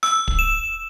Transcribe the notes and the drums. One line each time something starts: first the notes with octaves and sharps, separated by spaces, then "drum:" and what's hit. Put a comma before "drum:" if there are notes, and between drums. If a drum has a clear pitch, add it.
E6, drum: rim click
drum: kick
E7